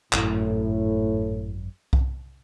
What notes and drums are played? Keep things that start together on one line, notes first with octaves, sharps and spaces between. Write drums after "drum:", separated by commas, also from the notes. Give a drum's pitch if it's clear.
G#1 F#2 A2, drum: clap
drum: kick C2